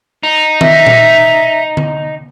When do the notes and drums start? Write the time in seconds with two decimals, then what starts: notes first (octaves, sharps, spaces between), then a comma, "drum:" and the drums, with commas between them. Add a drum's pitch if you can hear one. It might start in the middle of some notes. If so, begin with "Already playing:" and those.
0.23 D#4
0.61 E5, drum: tom D#3
0.87 drum: tom A#2
1.77 drum: tom D3